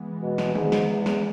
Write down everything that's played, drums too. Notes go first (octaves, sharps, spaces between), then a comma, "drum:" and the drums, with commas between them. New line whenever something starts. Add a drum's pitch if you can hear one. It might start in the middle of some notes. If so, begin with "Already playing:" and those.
Already playing: E3 G#3 B3
B2
drum: snare
G#2, drum: tom D3
drum: snare
E2
drum: snare